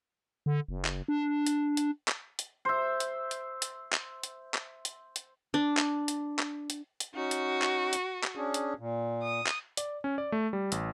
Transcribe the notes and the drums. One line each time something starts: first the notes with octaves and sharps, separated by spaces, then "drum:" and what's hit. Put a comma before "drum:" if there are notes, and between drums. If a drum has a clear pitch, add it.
D3
F#1
drum: clap
D4
drum: hi-hat
drum: hi-hat
drum: clap
drum: hi-hat
C5 E5
drum: hi-hat
drum: hi-hat
drum: hi-hat
drum: clap
drum: hi-hat
drum: clap
drum: hi-hat
drum: hi-hat
D4
drum: clap
drum: hi-hat
drum: clap
drum: hi-hat
drum: hi-hat
C#4 D#4 F#4
drum: hi-hat
drum: clap
drum: hi-hat
drum: clap
C#4 D4 G#4
drum: hi-hat
A#2
D#6
drum: clap
D5, drum: hi-hat
C#4
D5
A3
G3
A1, drum: hi-hat